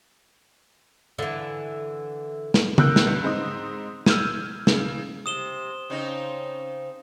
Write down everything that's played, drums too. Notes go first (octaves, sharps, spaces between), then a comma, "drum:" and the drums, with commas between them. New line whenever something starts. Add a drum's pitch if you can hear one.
D3 E3
drum: snare
C#2 A#4 E6 F#6 G6 D7, drum: tom
drum: snare
C#2 G2 G3 B3
G#2 C4 D#4 D#6
E6 F6 G6 G#6 D#7, drum: snare
C#3, drum: snare
C3 D#6 E7 G7
C#3 C4 D#4